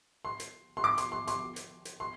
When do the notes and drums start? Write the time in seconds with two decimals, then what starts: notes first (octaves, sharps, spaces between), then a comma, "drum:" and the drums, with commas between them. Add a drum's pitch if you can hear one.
0.25 C6
0.40 drum: hi-hat
0.77 C6
0.84 D6
0.98 C6, drum: hi-hat
1.12 C6
1.28 C6, drum: hi-hat
1.56 drum: hi-hat
1.85 drum: hi-hat
2.00 C6